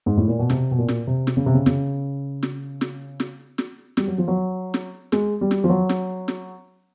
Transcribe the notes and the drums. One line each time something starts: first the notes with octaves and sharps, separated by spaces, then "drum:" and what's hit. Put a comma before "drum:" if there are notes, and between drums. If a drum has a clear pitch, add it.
G#2
A2
A#2
B2
C3, drum: snare
B2
A#2
drum: snare
C3
drum: snare
C#3
C3
C#3
C#3, drum: snare
drum: snare
drum: snare
drum: snare
drum: snare
G3, drum: snare
F#3
F3
F#3
drum: snare
G#3, drum: snare
G3
drum: snare
F3
F#3
drum: snare
drum: snare